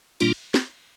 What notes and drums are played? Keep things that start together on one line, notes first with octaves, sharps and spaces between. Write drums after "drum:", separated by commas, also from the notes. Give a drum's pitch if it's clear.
A#2 G3 A#3 D4 F4, drum: cymbal
drum: snare